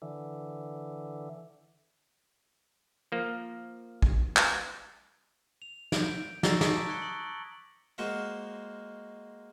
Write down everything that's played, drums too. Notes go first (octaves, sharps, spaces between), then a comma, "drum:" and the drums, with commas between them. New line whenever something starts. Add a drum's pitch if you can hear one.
D3 E3
F3 A#3
drum: kick A1
drum: clap
F7
G6 D7, drum: snare
A#5 C#6 E6 A6 A#6, drum: snare
A5 D6 D#6 B6 D7, drum: snare
C#6 F#6 G#6 C#7 G7
D#6 F#7
G#3 A#3 F#4 C5 F5